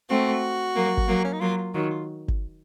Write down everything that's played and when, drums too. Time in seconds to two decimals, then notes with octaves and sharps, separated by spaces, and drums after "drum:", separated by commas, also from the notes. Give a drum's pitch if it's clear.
0.10 A3 C4 F#4
0.75 F#3 A#3
0.97 drum: kick G1
1.08 F#3 A#3
1.24 C#4
1.33 D#4
1.40 F#3 A#3 F4
1.57 F4
1.74 D#3 F#3 F4
1.90 F4
2.28 drum: kick G1